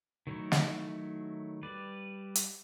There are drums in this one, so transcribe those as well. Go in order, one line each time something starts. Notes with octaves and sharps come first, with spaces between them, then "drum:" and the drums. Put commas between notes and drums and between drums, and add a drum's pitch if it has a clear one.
D#3 F#3 A3 E4
drum: snare
G3 B4 D5
drum: hi-hat